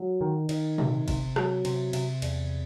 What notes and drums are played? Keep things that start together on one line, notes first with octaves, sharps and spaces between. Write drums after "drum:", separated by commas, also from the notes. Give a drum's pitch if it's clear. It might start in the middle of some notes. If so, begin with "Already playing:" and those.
Already playing: F#3
D#3
D#3, drum: cymbal
C3, drum: tom A#2
C3, drum: kick F#1, cymbal
F#3, drum: rim click
C3, drum: cymbal
C3, drum: cymbal
E2, drum: cymbal